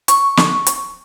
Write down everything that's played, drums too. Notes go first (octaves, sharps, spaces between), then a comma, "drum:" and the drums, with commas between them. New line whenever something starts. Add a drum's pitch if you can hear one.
C#6, drum: hi-hat
drum: snare
drum: hi-hat